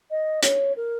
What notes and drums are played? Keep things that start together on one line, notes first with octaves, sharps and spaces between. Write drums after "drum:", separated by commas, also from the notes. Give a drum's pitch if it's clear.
D#5
C#5, drum: hi-hat
A#4